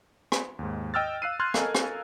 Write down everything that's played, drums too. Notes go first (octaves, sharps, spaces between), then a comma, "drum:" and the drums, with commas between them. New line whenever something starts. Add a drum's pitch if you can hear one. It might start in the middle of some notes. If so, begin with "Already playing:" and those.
drum: rim click
D#2 G#2
D#5 G5 E6 F6 A6
F5 F#6 C7 D#7
C6 F6 F#6 G#6 A6
A4 A#4 D#5 F5 G#5, drum: rim click
drum: rim click